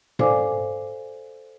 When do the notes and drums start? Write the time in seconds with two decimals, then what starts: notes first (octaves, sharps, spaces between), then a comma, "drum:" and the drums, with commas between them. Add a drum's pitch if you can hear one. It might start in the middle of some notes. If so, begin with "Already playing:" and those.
0.19 A4 C5 D5 F5 G#5 D6, drum: tom G#2